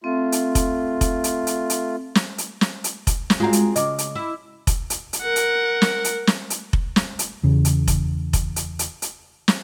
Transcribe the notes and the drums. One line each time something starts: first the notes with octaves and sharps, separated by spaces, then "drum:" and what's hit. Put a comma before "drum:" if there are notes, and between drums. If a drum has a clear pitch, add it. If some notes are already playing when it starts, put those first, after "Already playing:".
A3 C4 F4
drum: hi-hat
drum: kick F1, hi-hat
drum: kick F1, hi-hat
drum: hi-hat
drum: hi-hat
drum: hi-hat
drum: snare
drum: hi-hat
drum: snare
drum: hi-hat
drum: kick F1, hi-hat
drum: snare
G#3 C4 F4 F#4 F5 A#5
drum: hi-hat
C#3 D#5 D6, drum: hi-hat
drum: hi-hat
E4
drum: kick F1, hi-hat
drum: hi-hat
drum: hi-hat
A#4 F#5
drum: hi-hat
drum: snare
drum: hi-hat
drum: snare
drum: hi-hat
drum: kick F1
drum: snare
drum: hi-hat
E2 C#3
drum: hi-hat
drum: kick F1, hi-hat
drum: kick F1, hi-hat
drum: hi-hat
drum: hi-hat
drum: hi-hat
drum: snare